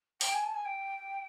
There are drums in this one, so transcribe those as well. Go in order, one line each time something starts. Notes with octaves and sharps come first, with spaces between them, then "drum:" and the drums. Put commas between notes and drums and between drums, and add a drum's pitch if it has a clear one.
G5, drum: open hi-hat
G#5
A5
G#5
G5